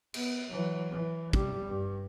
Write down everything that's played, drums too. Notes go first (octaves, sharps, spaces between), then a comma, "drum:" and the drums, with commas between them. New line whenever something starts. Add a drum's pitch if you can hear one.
B3, drum: cymbal
E3 F#3
E3
C3 G3, drum: kick
G2